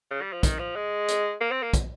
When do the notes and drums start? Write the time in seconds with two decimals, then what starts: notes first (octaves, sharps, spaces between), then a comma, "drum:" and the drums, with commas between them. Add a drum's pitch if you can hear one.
0.11 C#3
0.22 G3
0.32 F3
0.43 D#3, drum: kick, hi-hat
0.59 F3
0.76 G#3
1.08 drum: hi-hat
1.41 A#3
1.51 C4
1.62 A#3
1.73 drum: kick, hi-hat